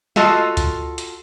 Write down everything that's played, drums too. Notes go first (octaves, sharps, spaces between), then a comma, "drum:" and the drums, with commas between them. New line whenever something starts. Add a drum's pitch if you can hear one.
F4 F#4 A4 D#5 F5, drum: snare
drum: kick C#2, hi-hat
drum: hi-hat